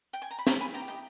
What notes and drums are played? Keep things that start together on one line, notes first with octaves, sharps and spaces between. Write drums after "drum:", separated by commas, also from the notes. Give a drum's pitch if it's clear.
G5
G#5
A#5
B5
E4 A#5 C#6, drum: snare
G#5 B5
G4 G5 A#5
D#5 G5